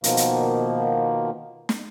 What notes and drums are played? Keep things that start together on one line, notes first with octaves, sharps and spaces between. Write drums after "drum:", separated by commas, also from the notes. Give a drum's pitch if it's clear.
B2 D#3 F3 A#3, drum: hi-hat
drum: hi-hat
drum: snare